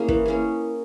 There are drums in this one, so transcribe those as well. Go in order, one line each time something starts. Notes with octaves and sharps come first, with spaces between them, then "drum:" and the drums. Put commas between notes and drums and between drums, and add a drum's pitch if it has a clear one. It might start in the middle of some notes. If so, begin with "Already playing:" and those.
Already playing: A#3 C#4 E4 G#4
E3, drum: kick
A#3 C#4 G#4